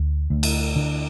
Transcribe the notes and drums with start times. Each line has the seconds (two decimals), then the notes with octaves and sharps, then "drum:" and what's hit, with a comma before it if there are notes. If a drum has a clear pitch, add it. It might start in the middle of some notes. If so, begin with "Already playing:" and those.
Already playing: D2
0.30 D2
0.43 drum: cymbal
0.76 D3